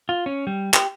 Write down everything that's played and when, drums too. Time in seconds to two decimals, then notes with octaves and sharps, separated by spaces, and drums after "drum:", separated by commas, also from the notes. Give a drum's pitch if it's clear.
0.09 F4
0.26 C#4
0.47 G3
0.74 G4, drum: clap